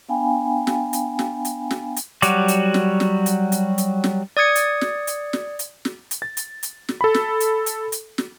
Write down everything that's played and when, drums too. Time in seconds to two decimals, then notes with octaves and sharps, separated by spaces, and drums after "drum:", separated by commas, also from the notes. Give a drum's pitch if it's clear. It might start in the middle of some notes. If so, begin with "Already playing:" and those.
0.09 B3 D4 F5 G5 G#5 B5
0.67 drum: snare
0.93 drum: hi-hat
1.19 drum: snare
1.45 drum: hi-hat
1.71 drum: snare
1.96 drum: hi-hat
2.22 F#3 G3 F#4 D6, drum: hi-hat
2.48 drum: hi-hat
2.74 drum: snare
3.00 drum: snare
3.26 drum: hi-hat
3.52 drum: hi-hat
3.78 drum: hi-hat
4.04 drum: snare
4.37 D5 D#6 G#6 C#7
4.55 drum: hi-hat
4.81 drum: snare
5.07 drum: hi-hat
5.33 drum: snare
5.59 drum: hi-hat
5.85 drum: snare
6.11 drum: hi-hat
6.22 A6
6.37 drum: hi-hat
6.63 drum: hi-hat
6.89 drum: snare
7.01 A4 B5
7.14 drum: snare
7.40 drum: hi-hat
7.66 drum: hi-hat
7.92 drum: hi-hat
8.18 drum: snare